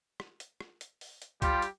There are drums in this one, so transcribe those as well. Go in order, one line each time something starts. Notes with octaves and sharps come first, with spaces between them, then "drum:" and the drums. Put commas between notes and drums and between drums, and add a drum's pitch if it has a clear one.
drum: rim click
drum: hi-hat
drum: rim click
drum: hi-hat
drum: open hi-hat
drum: hi-hat
G3 F4 G4, drum: kick C#2, hi-hat
drum: hi-hat